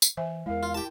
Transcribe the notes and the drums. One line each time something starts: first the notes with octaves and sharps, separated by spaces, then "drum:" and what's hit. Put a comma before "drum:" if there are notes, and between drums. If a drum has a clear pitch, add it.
drum: tambourine
E3 C5 E5 G#5
E2 G#3 E4 A#4 F5
F4
E4 G4 G5 A5